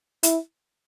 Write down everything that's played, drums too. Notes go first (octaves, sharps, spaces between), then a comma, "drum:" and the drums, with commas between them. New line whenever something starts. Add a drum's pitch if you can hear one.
E4, drum: hi-hat